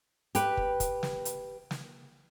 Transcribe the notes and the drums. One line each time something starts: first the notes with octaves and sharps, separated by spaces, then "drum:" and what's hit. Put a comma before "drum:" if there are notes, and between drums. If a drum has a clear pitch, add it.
G4 B4, drum: hi-hat
drum: kick
drum: kick, hi-hat
drum: snare
drum: hi-hat
drum: snare